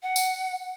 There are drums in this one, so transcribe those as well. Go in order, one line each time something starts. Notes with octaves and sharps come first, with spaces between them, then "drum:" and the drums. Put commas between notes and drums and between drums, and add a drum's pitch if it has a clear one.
F#5
drum: tambourine